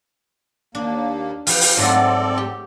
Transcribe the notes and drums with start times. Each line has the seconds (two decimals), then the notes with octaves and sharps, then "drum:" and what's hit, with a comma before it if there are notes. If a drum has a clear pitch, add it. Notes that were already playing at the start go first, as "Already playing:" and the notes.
0.75 D#2 A#3 D4
1.47 F3 B4 G5 F6, drum: open hi-hat
1.61 drum: open hi-hat
1.77 G#2 F#3 A3 C4 A4 D5
2.38 G4